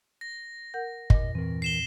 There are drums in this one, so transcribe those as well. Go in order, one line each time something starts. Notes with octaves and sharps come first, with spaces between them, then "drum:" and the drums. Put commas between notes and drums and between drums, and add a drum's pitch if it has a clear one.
A#6
A#4 F#5 G6
E2 G2 A#2 D#5, drum: kick
E3 C4 A#4
C7 E7 G7